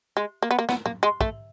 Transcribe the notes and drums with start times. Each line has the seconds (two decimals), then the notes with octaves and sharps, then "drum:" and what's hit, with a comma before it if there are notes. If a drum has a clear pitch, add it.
0.17 G#3
0.43 A#3
0.51 B3
0.59 A#3
0.69 B3, drum: snare
0.86 A#3, drum: tom
1.03 G#3
1.21 A3, drum: kick